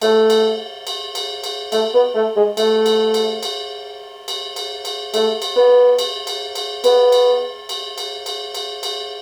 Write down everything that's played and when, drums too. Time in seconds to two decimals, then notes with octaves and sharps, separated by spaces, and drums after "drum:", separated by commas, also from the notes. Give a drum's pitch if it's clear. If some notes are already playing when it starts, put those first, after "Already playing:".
0.02 A3, drum: cymbal
0.30 drum: cymbal
0.87 drum: cymbal
1.15 drum: cymbal
1.44 drum: cymbal
1.72 A3, drum: cymbal
1.94 B3
2.15 A3
2.36 G#3
2.57 A3, drum: cymbal
2.86 drum: cymbal
3.14 drum: cymbal
3.43 drum: cymbal
4.28 drum: cymbal
4.56 drum: cymbal
4.85 drum: cymbal
5.14 A3, drum: cymbal
5.42 drum: cymbal
5.56 B3
5.99 drum: cymbal
6.27 drum: cymbal
6.55 drum: cymbal
6.84 B3, drum: cymbal
7.12 drum: cymbal
7.69 drum: cymbal
7.98 drum: cymbal
8.26 drum: cymbal
8.55 drum: cymbal
8.83 drum: cymbal